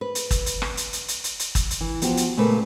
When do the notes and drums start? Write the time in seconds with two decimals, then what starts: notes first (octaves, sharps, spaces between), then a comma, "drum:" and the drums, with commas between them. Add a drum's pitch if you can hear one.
0.01 B4
0.15 drum: hi-hat
0.31 drum: kick, hi-hat
0.46 drum: hi-hat
0.62 drum: rim click
0.77 drum: hi-hat
0.93 drum: hi-hat
1.08 drum: hi-hat
1.24 drum: hi-hat
1.39 drum: hi-hat
1.55 drum: kick, hi-hat
1.71 drum: hi-hat
1.81 E3
2.02 F3 B3 F#4 G4, drum: hi-hat
2.17 drum: hi-hat
2.37 A#2 C#3 A3 A#3 B4